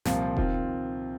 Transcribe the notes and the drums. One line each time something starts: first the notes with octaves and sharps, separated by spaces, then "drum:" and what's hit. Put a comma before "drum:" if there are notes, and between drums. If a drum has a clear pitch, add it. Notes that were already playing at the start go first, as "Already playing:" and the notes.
C2 A#2 F3 C4, drum: snare
D#3 C4 F4, drum: kick E1